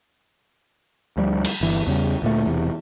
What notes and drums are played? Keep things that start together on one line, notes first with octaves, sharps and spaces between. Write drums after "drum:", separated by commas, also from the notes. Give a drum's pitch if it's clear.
D2 F3 G3
drum: cymbal
G1 E3
E2 C#3 G3
D2 A#2 A3
E1 E2 C3